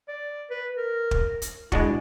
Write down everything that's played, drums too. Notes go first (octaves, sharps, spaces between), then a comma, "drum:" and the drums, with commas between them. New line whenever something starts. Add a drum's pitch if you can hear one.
D5
B4
A#4
drum: kick
drum: hi-hat
G#3 D4 E4 F#4, drum: kick